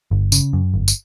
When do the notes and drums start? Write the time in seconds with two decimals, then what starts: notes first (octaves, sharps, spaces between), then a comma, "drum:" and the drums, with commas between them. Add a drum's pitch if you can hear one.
0.11 G1
0.32 C#3, drum: tambourine
0.53 F#2
0.74 G1
0.88 drum: tambourine